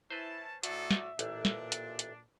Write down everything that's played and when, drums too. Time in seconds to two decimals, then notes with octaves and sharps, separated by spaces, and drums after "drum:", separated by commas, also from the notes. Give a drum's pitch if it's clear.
0.10 C#4 E4 B4 C5 A5
0.63 A2 D#4 F#4 G#4 A4 D5 E5, drum: hi-hat
0.91 drum: snare
1.19 A1 A#2 D4, drum: hi-hat
1.45 drum: snare
1.72 drum: hi-hat
1.99 drum: hi-hat